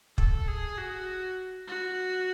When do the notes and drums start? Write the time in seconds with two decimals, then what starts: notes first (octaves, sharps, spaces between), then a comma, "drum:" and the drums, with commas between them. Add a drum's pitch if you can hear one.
0.18 A4, drum: kick
0.48 G#4
0.78 F#4
1.67 F#4